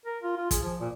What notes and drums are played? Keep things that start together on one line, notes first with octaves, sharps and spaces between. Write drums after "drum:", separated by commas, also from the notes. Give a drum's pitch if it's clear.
A#4
F4
F4
G#4, drum: kick, hi-hat
F3
A#2